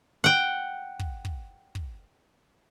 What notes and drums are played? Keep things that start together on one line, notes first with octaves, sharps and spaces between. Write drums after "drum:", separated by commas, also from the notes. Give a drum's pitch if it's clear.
F#5 G5
drum: kick
drum: kick
drum: kick